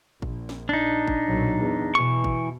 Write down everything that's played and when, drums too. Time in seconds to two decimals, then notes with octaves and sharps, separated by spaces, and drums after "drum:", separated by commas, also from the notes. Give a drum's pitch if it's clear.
0.22 A#1, drum: kick G#1
0.49 drum: snare C4
0.69 D4 D#4
1.07 drum: kick G#1
1.27 B1 A#2 F#3
1.59 E2
1.95 B2 E3 C#6
2.24 drum: kick G#1